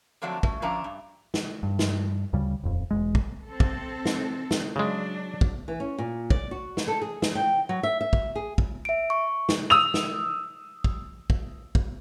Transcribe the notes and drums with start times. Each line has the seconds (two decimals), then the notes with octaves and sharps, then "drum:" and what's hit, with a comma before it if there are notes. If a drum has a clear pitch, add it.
0.22 D3 F3 F#3 A3 C4 D4
0.43 A3 C#4, drum: kick
0.62 D3 F3 C#4 D4 E5 A#5
0.84 G2
1.34 drum: snare
1.63 G2
1.79 drum: snare
2.33 D2 C#3 G3
2.64 D#1 F2
2.91 E1 C#2 G#3
3.15 drum: kick
3.46 C4 A4
3.60 drum: kick
4.05 drum: snare
4.51 drum: snare
4.76 C#3 F#3 G#3 D4
5.41 drum: kick
5.68 E3
5.80 C#4
5.98 A#2
6.30 D5, drum: kick
6.51 F#4
6.77 drum: snare
6.88 A4
7.01 G#4
7.22 drum: snare
7.35 G5
7.69 F#3
7.83 E5
8.01 E5
8.13 drum: kick
8.35 G#4
8.58 drum: kick
8.85 E5 D7
9.10 C#6
9.49 drum: snare
9.70 D#6 E6 F7
9.94 drum: snare
10.84 drum: kick
11.30 drum: kick
11.75 drum: kick